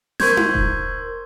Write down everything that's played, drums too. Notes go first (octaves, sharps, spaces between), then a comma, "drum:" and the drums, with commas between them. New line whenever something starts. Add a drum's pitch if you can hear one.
A#4 C5 C6 C#6 G6 G#6, drum: snare
drum: tom D#4
drum: kick E1